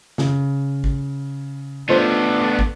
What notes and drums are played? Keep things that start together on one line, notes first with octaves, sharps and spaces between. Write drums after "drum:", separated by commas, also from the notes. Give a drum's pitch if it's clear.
C#3, drum: snare
drum: kick
A3 B3 D4 F4 C5 D#5
drum: kick